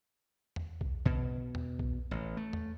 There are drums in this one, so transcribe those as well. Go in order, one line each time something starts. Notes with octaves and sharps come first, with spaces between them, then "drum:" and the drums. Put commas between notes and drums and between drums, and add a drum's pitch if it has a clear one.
drum: tom E2
drum: kick B1
B2, drum: kick B1
drum: tom E2
drum: kick B1
A1
A3
drum: tom E2